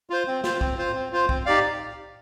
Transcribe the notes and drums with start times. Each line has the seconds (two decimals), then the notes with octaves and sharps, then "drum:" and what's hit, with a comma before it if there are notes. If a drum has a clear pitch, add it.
0.10 F4 C5
0.27 C4
0.44 F4 C5, drum: snare
0.61 C4, drum: kick
0.78 F4 C5
0.95 C4
1.12 F4 C5
1.29 C4, drum: kick
1.46 D#4 G4 D5 F5